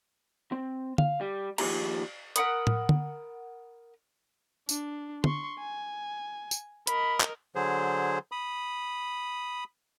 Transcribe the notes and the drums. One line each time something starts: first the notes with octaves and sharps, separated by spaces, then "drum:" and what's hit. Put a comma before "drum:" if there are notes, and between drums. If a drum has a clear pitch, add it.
C4
F5, drum: tom
G3
D#2 F3 A3 G4 G#4 A#5, drum: cymbal
A#4 F#5 B5 D#6, drum: hi-hat
drum: tom
drum: tom
D4, drum: tambourine
C6 C#6, drum: tom
G#5
drum: tambourine
A#4 D#5 B5, drum: hi-hat
drum: clap
D3 F#3 G#4 C5
B5 D#6